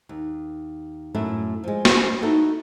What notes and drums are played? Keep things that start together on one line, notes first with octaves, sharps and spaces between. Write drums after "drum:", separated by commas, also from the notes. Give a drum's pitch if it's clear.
D#2
F#2 A2 A3 E4
F3 G#3
drum: snare
D#4 E4 F#4 A4 F#5